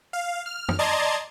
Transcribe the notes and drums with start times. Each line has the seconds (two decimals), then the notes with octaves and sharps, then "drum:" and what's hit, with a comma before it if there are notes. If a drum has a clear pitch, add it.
0.13 F5
0.46 F6
0.69 drum: tom F#2
0.79 D5 D#5 A5 A#5 C6 G#6